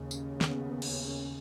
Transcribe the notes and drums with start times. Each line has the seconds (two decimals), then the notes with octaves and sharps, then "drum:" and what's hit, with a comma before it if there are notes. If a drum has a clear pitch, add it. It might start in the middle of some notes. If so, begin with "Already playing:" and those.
Already playing: D#2 C#3
0.11 C#4, drum: tambourine
0.41 B3, drum: snare
0.82 drum: cymbal
1.01 C#4